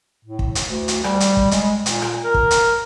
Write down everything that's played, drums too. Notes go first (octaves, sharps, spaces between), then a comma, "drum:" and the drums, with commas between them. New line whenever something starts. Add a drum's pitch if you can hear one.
A2
drum: kick
drum: hi-hat
D2
drum: hi-hat
G3, drum: rim click
drum: hi-hat
drum: kick
G#3, drum: hi-hat
A#2, drum: hi-hat
drum: rim click
A#4
drum: kick
drum: hi-hat